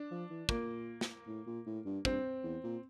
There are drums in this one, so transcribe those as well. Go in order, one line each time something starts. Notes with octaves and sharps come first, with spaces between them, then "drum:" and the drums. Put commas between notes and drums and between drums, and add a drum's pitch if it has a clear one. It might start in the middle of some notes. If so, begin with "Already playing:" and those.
Already playing: D4
F3
E3
A#2 A#3, drum: kick
drum: snare
A2
A#2
A2
G2
G2 C4, drum: kick
E2
A#2